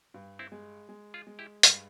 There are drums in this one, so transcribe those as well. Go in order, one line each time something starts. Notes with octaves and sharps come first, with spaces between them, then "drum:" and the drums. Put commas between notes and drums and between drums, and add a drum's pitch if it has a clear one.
G2
C4 E4
G#3
G#3
F4 G#4
G#3
E4 G4
G2 C4 E4, drum: hi-hat